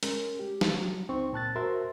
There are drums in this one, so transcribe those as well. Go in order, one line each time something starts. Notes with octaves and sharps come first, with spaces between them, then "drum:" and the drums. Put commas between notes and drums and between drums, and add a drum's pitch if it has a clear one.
G#3 C#4 A#4, drum: hi-hat
G4
drum: snare
F#3
C#2 C4 D#4 C#6
A#2 A5 F#6 A6
F#4 A#4 C5 E5 C6